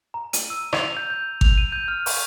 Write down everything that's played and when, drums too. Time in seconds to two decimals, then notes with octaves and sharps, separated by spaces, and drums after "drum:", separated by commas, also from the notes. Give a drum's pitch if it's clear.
0.14 A#5
0.33 D#7, drum: hi-hat
0.50 E6
0.73 F7, drum: rim click
0.97 G6
1.10 G6
1.41 F7, drum: kick G#1
1.58 D#7
1.72 G6
1.88 F6
2.06 C#6, drum: open hi-hat